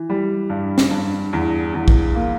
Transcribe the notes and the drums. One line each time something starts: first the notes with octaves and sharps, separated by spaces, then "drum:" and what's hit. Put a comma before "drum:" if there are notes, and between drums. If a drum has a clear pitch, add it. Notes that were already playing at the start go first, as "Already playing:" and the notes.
Already playing: E3
G3
G2
drum: snare
G2
E2
E2
drum: kick
A#3